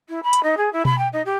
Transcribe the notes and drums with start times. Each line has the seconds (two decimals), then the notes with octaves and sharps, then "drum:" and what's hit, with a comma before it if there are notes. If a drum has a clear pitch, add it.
0.08 E4
0.23 B5
0.33 drum: hi-hat
0.43 D#4
0.57 G#4
0.72 E4
0.85 B5, drum: tom B2
0.98 G5
1.12 D#4
1.25 G4